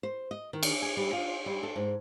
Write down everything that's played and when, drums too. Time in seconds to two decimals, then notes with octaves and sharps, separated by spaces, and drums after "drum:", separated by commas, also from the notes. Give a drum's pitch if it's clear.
0.03 C5
0.31 D#5
0.53 D#3
0.63 drum: cymbal
0.82 G#5
0.97 G3
1.13 F4
1.46 G3
1.63 A4
1.76 G#2